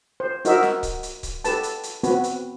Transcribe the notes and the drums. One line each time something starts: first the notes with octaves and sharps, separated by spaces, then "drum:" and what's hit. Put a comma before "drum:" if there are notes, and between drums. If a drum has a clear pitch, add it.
C5
D#4 F#4 A#4 C5 D#5 E5, drum: hi-hat
drum: snare
drum: kick C#1, hi-hat
drum: hi-hat
drum: kick C#1, hi-hat
G4 A4 B4 A5, drum: hi-hat
drum: hi-hat
drum: hi-hat
B3 C4 F#4 B4, drum: hi-hat
drum: hi-hat